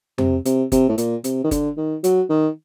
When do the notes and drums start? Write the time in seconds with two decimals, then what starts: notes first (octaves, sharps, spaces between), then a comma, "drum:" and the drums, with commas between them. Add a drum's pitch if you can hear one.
0.18 C3, drum: tom F2
0.45 C3, drum: hi-hat
0.72 C3, drum: kick G1, hi-hat
0.89 A2
0.98 A#2, drum: hi-hat
1.24 C3, drum: hi-hat
1.44 D#3
1.51 D3, drum: kick G1, hi-hat
1.77 D#3
2.04 F#3, drum: hi-hat
2.30 D#3